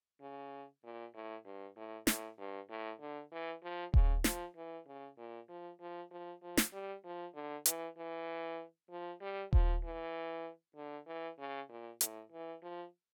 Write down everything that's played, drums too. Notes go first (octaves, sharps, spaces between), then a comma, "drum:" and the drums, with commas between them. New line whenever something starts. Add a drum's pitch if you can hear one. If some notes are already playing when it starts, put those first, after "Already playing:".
C#3
A#2
A2
G2
A2
A2, drum: snare
G2
A2
D3
E3
F3
C#3, drum: kick D#1
F3, drum: snare
E3
C#3
A#2
F3
F3
F3
F3
drum: snare
G3
F3
D3
E3, drum: hi-hat
E3
F3
G3
F3, drum: kick D#1
E3
D3
E3
C#3
A#2
A2, drum: hi-hat
E3
F3